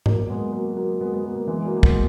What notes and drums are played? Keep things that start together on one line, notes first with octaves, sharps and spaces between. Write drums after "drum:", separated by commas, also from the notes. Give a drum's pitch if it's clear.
F#3 A#3, drum: tom G#2
G#3 B3
F#3 A#3
F#3 A#3
G#3 B3
B3
F#3 A#3
A#3
E3 G#3
F#3 A#3
A#3
G#3 B3, drum: kick